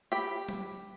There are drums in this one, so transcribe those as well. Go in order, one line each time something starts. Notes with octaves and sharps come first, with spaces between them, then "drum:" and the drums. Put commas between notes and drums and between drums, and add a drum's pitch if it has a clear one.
G4 B5
drum: tom F#3